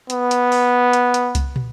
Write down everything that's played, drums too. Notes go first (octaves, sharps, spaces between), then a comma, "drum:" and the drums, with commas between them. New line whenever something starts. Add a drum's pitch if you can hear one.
B3, drum: hi-hat
drum: hi-hat
drum: open hi-hat
drum: hi-hat
drum: hi-hat
drum: kick C2, hi-hat
drum: tom